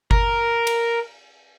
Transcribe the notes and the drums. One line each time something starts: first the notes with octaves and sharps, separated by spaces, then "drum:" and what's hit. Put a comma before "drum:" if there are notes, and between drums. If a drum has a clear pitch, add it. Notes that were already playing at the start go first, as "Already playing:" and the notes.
A#4, drum: kick G1
drum: cymbal